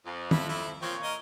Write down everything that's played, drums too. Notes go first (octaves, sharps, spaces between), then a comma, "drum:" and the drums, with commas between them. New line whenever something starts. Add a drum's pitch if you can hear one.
F2
E4 B5, drum: tom
E4
A#2 F3 C4 F4 C#5
A#4 D#5